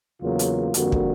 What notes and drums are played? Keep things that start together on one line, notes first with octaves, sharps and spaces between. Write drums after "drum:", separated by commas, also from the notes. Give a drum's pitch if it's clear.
E2 C#3 F#3 A#3 F4
drum: hi-hat
F2 D3 G3 A#3 F#4, drum: hi-hat
drum: kick